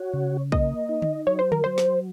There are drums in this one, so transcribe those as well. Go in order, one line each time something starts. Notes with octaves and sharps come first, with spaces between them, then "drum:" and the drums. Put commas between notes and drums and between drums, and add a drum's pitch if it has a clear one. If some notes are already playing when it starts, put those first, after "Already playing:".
Already playing: F#4 C#5
C#3
A#3 D#5, drum: kick
D#4
drum: tom D3
F#3 C#5
C5
A#4, drum: tom D3
F#3 C5
drum: snare